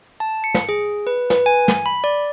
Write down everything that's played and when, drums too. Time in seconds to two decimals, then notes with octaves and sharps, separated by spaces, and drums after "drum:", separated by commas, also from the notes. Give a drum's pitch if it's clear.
0.20 A5
0.44 C#7
0.55 drum: snare
0.69 G#4
1.07 B4
1.30 B4, drum: snare
1.46 G#5
1.68 drum: snare
1.86 B5
2.04 D5